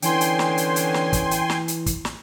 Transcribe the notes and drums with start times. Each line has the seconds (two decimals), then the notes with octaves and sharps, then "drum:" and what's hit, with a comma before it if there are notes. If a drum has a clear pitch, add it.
0.02 D3 E3 B3 C#4 G5 G#5 C6, drum: hi-hat
0.21 drum: hi-hat
0.39 drum: snare
0.57 drum: hi-hat
0.76 drum: hi-hat
0.94 drum: snare
1.13 drum: kick, hi-hat
1.31 drum: hi-hat
1.50 drum: snare
1.68 drum: hi-hat
1.86 drum: kick, hi-hat
2.05 drum: snare